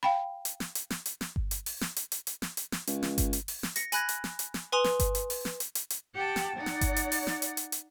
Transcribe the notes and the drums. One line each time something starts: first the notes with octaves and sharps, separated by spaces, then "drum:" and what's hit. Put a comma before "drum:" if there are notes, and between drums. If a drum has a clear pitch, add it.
F5 G5 B5
drum: hi-hat
drum: snare
drum: hi-hat
drum: snare
drum: hi-hat
drum: snare
drum: kick G1
drum: hi-hat
drum: open hi-hat
drum: snare
drum: hi-hat
drum: hi-hat
drum: hi-hat
drum: snare
drum: hi-hat
drum: snare
C#2, drum: hi-hat
drum: snare
drum: kick G1, hi-hat
drum: hi-hat
drum: open hi-hat
drum: snare
A#6 C#7, drum: hi-hat
G#5 B5 F#6 G#6 A#6, drum: hi-hat
drum: hi-hat
drum: snare
drum: hi-hat
drum: snare
B4 G#5 C6 D#6 F7
drum: snare
drum: kick G1, hi-hat
drum: hi-hat
drum: open hi-hat
drum: snare
drum: hi-hat
drum: hi-hat
drum: hi-hat
G4 F#5 G5 A5
drum: snare
D#4 D5 F#5
drum: snare
drum: kick G1, hi-hat
drum: hi-hat
drum: open hi-hat
drum: snare
drum: hi-hat
drum: hi-hat
drum: hi-hat